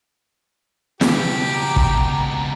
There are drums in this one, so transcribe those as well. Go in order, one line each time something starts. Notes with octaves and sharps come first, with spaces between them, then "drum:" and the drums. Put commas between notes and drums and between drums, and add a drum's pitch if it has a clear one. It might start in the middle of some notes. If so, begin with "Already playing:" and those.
C#2 B2 G4, drum: snare
A#5
drum: kick